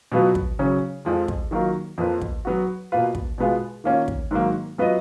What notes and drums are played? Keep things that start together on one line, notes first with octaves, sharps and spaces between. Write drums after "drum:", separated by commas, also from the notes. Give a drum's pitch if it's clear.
B2 F#3 B3 F4 B4
drum: kick
C#3 F#3 C#4
F2 F3 G#3
drum: kick
D#3 F#3 A#3 F4 A#4
F2 F3 A#3 F4 B4
drum: kick
F#3 B3 F#4
B2 A#3 F4 B4
drum: kick
B2 G#3 B3 F4
D#3 A#3 C#4 F4
drum: kick
G#2 D#3 F#3 A#3
F#3 B3 F4 B4 D#5